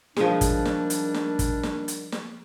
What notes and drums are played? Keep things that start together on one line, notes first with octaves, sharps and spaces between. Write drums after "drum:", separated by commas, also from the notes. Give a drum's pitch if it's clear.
D#3 F3 G3 G#3 D4, drum: snare
drum: kick, hi-hat
drum: snare
drum: hi-hat
drum: snare
drum: kick, hi-hat
drum: snare
drum: hi-hat
drum: snare